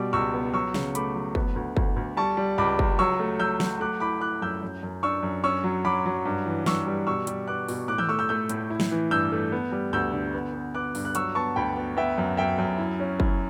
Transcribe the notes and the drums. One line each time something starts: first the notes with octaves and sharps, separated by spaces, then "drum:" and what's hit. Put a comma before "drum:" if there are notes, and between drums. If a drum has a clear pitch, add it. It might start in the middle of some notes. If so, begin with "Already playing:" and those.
Already playing: B2 G3 D6
C#2 C#6 E6
B3
F#3 C#6 E6
C#3, drum: snare
A3 B5 D6, drum: hi-hat
F#3
B3, drum: kick
D2
D2, drum: kick
D2
G3 A5 C#6
G3
C#2 B5 D6
C#2, drum: kick
F#3 C#6 E6
A3
F#3 E6 G6
F#3, drum: snare
A3 D6 F#6
E4 B5 D6
E4 D6 F#6
F#2 E6 G6
F#2
F#2
D4 C#6 E6
F#2
C#4 C#6 E6
F#3
F#3 B5 D6
F#3
G2
E3
G2 C#6 E6, drum: snare
G3
B2 C#6 E6
G3, drum: hi-hat
B3 D6 F#6
B2, drum: open hi-hat
A2 D6 F#6
E6 G6, drum: tom D#3
A3 C#6 E6
E6 G6
A3 E6 G6
A2, drum: hi-hat
E4
drum: snare
E3
G2 E6 G6
A3
B3
G3
D2 E6 G6
D3
B3
B3
B3 D6 F#6
G2, drum: open hi-hat
F#6
F#3 C#6 E6, drum: hi-hat
B3 A5 C#6
D2 G5 B5
B3
B3 E5 G5
F#2
F#2 E5 G5
F#2
E4
C#4
E4, drum: kick